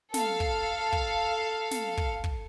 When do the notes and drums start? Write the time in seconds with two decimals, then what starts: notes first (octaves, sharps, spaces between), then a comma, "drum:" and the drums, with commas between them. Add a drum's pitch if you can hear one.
0.14 A4 F5, drum: snare
0.40 drum: kick
0.93 drum: kick
1.71 drum: snare
1.97 drum: kick
2.24 drum: kick